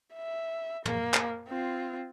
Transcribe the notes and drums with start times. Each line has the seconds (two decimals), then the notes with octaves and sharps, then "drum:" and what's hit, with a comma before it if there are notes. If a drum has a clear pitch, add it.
0.14 E5
0.85 A#3, drum: tom
1.14 drum: clap
1.48 C4 F4